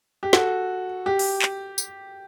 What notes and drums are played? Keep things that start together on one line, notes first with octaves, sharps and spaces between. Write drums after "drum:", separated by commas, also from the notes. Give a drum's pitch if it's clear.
G4
F#4 A4, drum: snare
G4
drum: open hi-hat
drum: clap
drum: tambourine